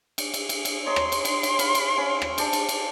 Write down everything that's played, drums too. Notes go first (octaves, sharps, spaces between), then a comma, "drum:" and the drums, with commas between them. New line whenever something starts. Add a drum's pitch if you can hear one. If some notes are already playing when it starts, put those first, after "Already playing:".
drum: cymbal
drum: cymbal
drum: cymbal
drum: cymbal
C#5 D#5 A#5 C6
drum: rim click
drum: cymbal
C6, drum: cymbal
drum: cymbal
F5 B5, drum: cymbal
drum: cymbal
C#4
drum: rim click
C5 D5 A5, drum: cymbal
drum: cymbal
drum: cymbal